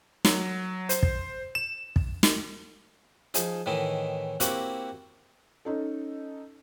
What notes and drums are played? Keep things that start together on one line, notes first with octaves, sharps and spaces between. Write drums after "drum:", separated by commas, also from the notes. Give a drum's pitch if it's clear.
F#3, drum: snare
C5, drum: hi-hat
drum: kick
E7
drum: kick
drum: snare
F3 D#4 G#4, drum: hi-hat
A2 D#3 E3 E4 D#5
A#3 C4 E4 F#4 G4 F#5, drum: hi-hat
C#4 D#4 A4